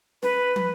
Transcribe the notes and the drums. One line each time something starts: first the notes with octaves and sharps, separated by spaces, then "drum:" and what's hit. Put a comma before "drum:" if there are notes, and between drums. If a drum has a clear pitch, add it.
B4, drum: snare
drum: tom